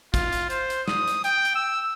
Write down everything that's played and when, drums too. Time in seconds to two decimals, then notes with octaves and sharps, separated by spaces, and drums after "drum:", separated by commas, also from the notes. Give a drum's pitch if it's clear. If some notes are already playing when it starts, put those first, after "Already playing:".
0.14 F4, drum: kick, hi-hat
0.32 drum: hi-hat
0.50 C5, drum: hi-hat
0.70 drum: hi-hat
0.88 D#6, drum: snare
1.08 drum: hi-hat
1.24 G5, drum: hi-hat
1.45 drum: hi-hat
1.56 E6